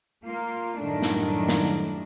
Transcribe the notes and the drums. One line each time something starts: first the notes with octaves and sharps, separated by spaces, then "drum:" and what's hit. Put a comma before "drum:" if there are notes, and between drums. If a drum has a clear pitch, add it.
A#3 F4
F#2 A2 D#3 G3 A3 D4
drum: snare
drum: snare